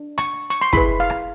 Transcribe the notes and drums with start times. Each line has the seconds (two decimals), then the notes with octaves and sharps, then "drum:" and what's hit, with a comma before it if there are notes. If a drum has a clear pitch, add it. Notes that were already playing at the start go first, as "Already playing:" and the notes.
Already playing: D4
0.18 C#6, drum: rim click
0.50 C#6
0.61 C6
0.73 E4 G#4 B4 B5, drum: kick
1.00 F5
1.10 drum: rim click